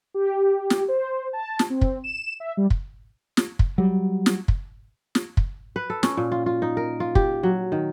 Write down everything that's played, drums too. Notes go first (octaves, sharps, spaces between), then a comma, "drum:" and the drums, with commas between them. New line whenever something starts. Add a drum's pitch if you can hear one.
G4
drum: snare
C5
A5
drum: snare
C4
drum: kick
E7
E5
G3
drum: kick
drum: snare
drum: kick
F#3 G3
drum: snare
drum: kick
drum: snare
drum: kick
B4
A4
C#4, drum: snare
A#2
F4
F4
D#4
A#4
F4
G4, drum: kick
F#3
D#3